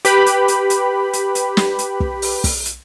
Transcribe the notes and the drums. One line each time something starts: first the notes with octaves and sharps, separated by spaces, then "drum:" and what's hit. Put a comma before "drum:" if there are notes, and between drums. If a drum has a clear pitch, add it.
G4 B4 B5, drum: hi-hat
drum: hi-hat
drum: hi-hat
drum: hi-hat
drum: hi-hat
drum: hi-hat
drum: snare
drum: hi-hat
drum: kick
drum: open hi-hat
drum: kick, open hi-hat
drum: hi-hat